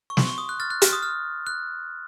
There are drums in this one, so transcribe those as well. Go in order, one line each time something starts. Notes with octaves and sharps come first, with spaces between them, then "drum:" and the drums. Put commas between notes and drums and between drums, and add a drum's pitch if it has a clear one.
C#6
C6, drum: snare
C#6
D#6
F#6
F6 A6
F#6
F6, drum: hi-hat
D#6
F6
F#6